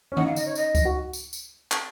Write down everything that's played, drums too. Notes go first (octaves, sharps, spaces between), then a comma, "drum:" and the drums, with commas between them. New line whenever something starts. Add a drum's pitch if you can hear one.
C#4
D#4 F#5, drum: tom D3
F5
D#5, drum: tambourine
C#5
D#5, drum: tambourine
drum: kick C#2, tambourine
F#4
drum: tambourine
drum: tambourine
drum: clap